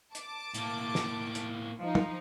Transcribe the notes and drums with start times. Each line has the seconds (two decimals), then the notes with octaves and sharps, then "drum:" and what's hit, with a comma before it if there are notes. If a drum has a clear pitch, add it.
0.15 A5 D6, drum: hi-hat
0.54 A2 A#3, drum: hi-hat
0.95 drum: snare
1.35 drum: hi-hat
1.79 F3 D#4
1.95 drum: tom